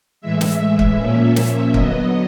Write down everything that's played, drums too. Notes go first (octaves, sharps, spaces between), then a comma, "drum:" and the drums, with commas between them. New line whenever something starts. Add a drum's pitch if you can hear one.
A2 E3 G#3 E5
drum: snare
drum: kick
A#2 F3 A#3 C#4
drum: snare
D3 F#3 B3 D#5, drum: kick